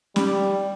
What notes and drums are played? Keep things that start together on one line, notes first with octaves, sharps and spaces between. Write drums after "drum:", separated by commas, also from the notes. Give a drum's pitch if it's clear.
G3, drum: snare